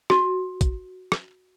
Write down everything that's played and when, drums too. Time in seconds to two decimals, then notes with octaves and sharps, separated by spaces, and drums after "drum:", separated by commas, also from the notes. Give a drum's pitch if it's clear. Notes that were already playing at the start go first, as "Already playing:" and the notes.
0.10 F#4, drum: rim click
0.61 drum: kick, hi-hat
1.12 drum: rim click